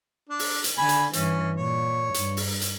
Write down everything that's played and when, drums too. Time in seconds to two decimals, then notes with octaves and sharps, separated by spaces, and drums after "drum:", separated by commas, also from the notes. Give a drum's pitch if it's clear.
0.29 D4
0.39 drum: open hi-hat
0.64 drum: hi-hat
0.78 D3 G#5 B5
0.89 drum: hi-hat
1.13 G2 E3 C#4, drum: hi-hat
1.57 A#2 C#5
2.14 G2, drum: hi-hat
2.37 drum: open hi-hat
2.61 drum: hi-hat